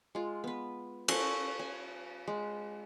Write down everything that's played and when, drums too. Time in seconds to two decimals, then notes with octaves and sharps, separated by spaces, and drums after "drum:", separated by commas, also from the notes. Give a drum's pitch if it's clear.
0.15 G#3 F4
0.44 B3 B4
1.08 C#4 A4 C5 C#5, drum: cymbal
1.59 G#5
2.27 G#3